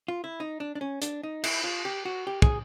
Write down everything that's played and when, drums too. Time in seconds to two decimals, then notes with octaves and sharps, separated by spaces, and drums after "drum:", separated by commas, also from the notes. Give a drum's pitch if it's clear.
0.08 F4
0.24 E4
0.40 D#4
0.60 D4
0.75 D4
0.81 C#4
1.02 D4, drum: hi-hat
1.23 D#4
1.44 E4, drum: cymbal
1.64 F4
1.85 G4
2.05 F#4
2.27 G4
2.42 G#4, drum: kick